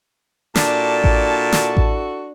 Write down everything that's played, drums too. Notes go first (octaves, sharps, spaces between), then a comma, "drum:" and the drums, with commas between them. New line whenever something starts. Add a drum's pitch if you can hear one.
A#2 D4 E4 F#4 A4 D5 A5, drum: snare
drum: kick A1
drum: snare
drum: kick A1